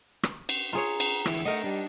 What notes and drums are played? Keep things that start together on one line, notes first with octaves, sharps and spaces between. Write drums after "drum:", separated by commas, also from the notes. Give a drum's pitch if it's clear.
drum: rim click
drum: cymbal
F4 G#4 C#5 A#5
drum: cymbal
D2 E3 E4, drum: rim click
A3 D#4 A#4 D#5 F#5
G3 D4